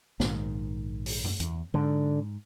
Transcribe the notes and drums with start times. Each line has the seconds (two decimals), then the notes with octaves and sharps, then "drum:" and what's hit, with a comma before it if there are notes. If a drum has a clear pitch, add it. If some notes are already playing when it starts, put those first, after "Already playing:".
0.20 A#1 G#2 D#3, drum: snare
1.06 drum: open hi-hat
1.24 drum: tom F#2
1.40 E2, drum: hi-hat
1.74 G#2 D3